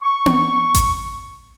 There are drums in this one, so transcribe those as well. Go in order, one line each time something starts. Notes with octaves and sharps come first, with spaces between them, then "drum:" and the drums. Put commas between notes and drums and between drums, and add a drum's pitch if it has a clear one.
C#6
drum: tom B3
drum: kick A1, hi-hat